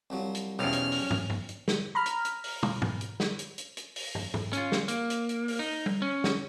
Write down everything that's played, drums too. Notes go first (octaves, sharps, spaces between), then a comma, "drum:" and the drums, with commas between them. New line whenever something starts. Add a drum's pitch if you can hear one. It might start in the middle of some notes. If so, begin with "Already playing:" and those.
C2 F3 F#3
drum: hi-hat
B1 E2 F3 C#4 G4 F6
drum: hi-hat
drum: open hi-hat
drum: tom
drum: tom
drum: hi-hat
drum: snare
A#5 B5 F6
drum: hi-hat
drum: hi-hat
drum: open hi-hat
drum: tom
drum: tom
drum: hi-hat
drum: snare
drum: hi-hat
drum: hi-hat
drum: hi-hat
drum: open hi-hat
drum: tom
drum: tom
C#4 F4, drum: hi-hat
drum: snare
A#3, drum: hi-hat
drum: hi-hat
drum: hi-hat
drum: open hi-hat
D#4
drum: tom G3
C#4
drum: snare